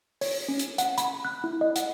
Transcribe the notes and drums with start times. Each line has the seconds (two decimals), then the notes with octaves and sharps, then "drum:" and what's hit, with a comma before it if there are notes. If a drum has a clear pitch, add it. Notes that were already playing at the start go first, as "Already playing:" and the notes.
0.21 C#5, drum: open hi-hat
0.48 C#4
0.59 drum: hi-hat
0.78 F#5, drum: hi-hat
0.98 B5, drum: hi-hat
1.25 F#6
1.44 E4
1.61 D#5
1.76 F#5, drum: hi-hat